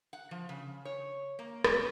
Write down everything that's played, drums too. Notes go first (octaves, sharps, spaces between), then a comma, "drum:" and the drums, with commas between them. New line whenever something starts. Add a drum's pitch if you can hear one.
F#5
F3
C#3
C#5
A#3
B3, drum: rim click